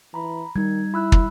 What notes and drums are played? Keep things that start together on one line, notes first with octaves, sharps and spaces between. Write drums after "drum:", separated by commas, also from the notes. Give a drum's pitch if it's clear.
E3 A#5 B5
D#3 G3 D#4 G#6
E4 B5 E6 F#6
drum: kick